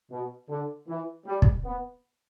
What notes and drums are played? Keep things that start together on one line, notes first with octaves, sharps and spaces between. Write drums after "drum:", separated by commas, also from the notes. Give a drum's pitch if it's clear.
B2
D3
E3
G3
drum: kick
B3